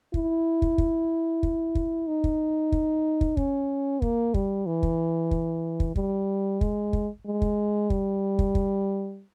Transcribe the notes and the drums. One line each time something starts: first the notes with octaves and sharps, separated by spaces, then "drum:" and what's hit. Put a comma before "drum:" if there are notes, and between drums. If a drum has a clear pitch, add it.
E4, drum: kick
drum: kick
drum: kick
drum: kick
drum: kick
D#4
drum: kick
drum: kick
drum: kick
C#4, drum: kick
A#3, drum: kick
G3, drum: kick
E3
drum: kick
drum: kick
drum: kick
G3, drum: kick
G#3, drum: kick
drum: kick
G#3
drum: kick
G3, drum: kick
drum: kick
drum: kick